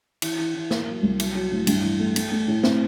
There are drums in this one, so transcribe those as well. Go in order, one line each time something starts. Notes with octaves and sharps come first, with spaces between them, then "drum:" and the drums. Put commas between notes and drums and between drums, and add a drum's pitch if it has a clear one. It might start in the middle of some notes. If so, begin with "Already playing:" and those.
E3, drum: cymbal
E3
E3
A#3, drum: snare
F#3
C2
F#3, drum: cymbal
F#3
A2
G2, drum: cymbal
E3
A3
A3, drum: cymbal
A3
A2
C4, drum: snare